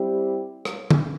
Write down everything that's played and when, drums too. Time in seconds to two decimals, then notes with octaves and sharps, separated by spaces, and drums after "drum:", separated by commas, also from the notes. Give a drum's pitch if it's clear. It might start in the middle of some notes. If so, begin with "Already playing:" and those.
Already playing: G3 C4 E4 G4
0.65 drum: rim click
0.91 drum: tom D3